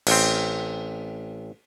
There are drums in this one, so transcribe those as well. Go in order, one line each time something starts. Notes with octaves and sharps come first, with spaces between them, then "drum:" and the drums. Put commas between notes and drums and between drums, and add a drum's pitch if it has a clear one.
A1 C4, drum: cymbal